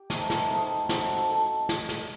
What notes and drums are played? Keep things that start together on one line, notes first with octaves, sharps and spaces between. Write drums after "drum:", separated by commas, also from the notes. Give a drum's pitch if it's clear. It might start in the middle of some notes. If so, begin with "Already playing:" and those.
Already playing: G4
A3 C4 D#4, drum: snare
drum: snare
A3 C4 D#4
C4 F#4 A4, drum: snare
A4
drum: snare
drum: snare